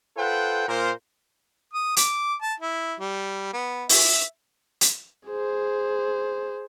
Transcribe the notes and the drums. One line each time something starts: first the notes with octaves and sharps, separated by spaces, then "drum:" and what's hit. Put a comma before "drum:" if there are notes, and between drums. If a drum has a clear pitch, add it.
F4 A4 B4 C5 F#5 G5
A#2 A#4 C5
D#6
D6, drum: hi-hat
A5
E4
G3
B3
E5, drum: open hi-hat
drum: hi-hat
G#4 C5